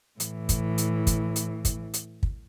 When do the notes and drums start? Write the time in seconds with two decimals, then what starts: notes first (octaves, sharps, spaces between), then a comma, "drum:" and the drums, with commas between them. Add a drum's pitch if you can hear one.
0.20 A2 E3, drum: hi-hat
0.49 drum: kick, hi-hat
0.78 drum: hi-hat
1.07 drum: kick, hi-hat
1.36 drum: hi-hat
1.65 drum: kick, hi-hat
1.94 drum: hi-hat
2.23 drum: kick